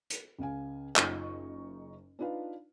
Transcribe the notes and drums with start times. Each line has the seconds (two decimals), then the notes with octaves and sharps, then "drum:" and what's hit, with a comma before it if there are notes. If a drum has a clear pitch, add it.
0.10 drum: hi-hat
0.39 C#2 C#3 F5 G#5
0.96 F#1 D#4 F4 C#6, drum: clap
2.19 D4 D#4 F4 B4 F5